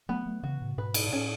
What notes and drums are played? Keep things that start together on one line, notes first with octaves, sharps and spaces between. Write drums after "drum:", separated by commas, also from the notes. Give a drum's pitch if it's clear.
F#3 A3 B3
F#3 A3
C#3 E3 F#4
A2 C#3
G#2 B2 B4
drum: cymbal
B2
A2 C#4